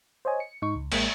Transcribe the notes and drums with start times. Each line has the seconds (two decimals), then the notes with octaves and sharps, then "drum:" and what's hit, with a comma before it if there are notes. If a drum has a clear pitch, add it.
0.25 C5 C#5 D#5 G#5
0.40 C#7
0.62 G#2 D#4 C#6
0.75 C#2
0.92 A1 G#3 A#3 B6, drum: cymbal